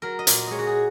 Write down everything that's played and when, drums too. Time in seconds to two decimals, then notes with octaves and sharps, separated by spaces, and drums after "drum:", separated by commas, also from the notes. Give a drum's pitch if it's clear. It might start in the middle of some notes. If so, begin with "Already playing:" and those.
0.02 F#3 A#4
0.19 D#5
0.27 A#2, drum: hi-hat
0.47 G#3 C#5 D#5
0.59 F#4
0.67 G#4